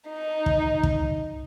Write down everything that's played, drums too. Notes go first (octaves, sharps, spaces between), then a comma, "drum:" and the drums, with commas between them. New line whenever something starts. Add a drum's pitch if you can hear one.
D#4
drum: kick
drum: kick